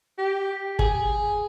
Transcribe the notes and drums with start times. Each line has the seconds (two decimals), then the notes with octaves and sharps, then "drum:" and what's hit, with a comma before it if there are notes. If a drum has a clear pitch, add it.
0.18 G4
0.79 G#4, drum: kick